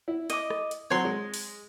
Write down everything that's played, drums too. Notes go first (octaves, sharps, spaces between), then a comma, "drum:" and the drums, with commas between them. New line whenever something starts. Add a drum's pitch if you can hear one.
E4
D#5 D6, drum: hi-hat
drum: rim click
drum: hi-hat
F#3 C4 C#5 C6
G#3
drum: open hi-hat